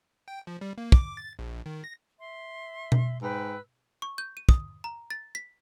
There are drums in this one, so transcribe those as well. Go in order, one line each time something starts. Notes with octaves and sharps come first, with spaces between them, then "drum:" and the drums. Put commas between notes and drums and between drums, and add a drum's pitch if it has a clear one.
G5
F3
G3
A#3
D6, drum: kick
A6
A#1
D#3
A#6
E5 C6
drum: tom B2
G#2 B4 G5 E6
C#6
G6
D#7
D#6, drum: kick
A#5
A6
B6